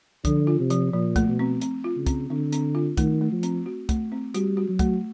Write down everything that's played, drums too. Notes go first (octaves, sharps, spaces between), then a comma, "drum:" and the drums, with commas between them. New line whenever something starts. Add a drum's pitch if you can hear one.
D3 F3, drum: kick, hi-hat
F4
C3
F3, drum: hi-hat
A#2 F3
A3, drum: kick, hi-hat
B2
C4
C4, drum: hi-hat
F4
C#3
C4, drum: kick, hi-hat
D3 C4
C4, drum: hi-hat
F4
D#3 A3, drum: kick, hi-hat
A3
F3
C4, drum: hi-hat
F#4
A3, drum: kick, hi-hat
C4
G3 F#4, drum: hi-hat
F#4
F#3
A3, drum: kick, hi-hat